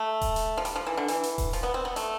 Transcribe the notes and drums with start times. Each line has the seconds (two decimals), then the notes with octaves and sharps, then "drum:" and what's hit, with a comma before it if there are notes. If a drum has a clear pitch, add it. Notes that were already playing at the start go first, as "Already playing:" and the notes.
Already playing: A3
0.21 drum: kick D#1, open hi-hat
0.36 drum: hi-hat
0.57 F3
0.65 G3, drum: hi-hat
0.76 F3
0.87 E3
0.97 D3
1.08 E3, drum: hi-hat
1.23 drum: hi-hat
1.38 drum: kick D#1, open hi-hat
1.53 F3, drum: hi-hat
1.63 B3
1.74 C4
1.85 B3
1.96 A3, drum: hi-hat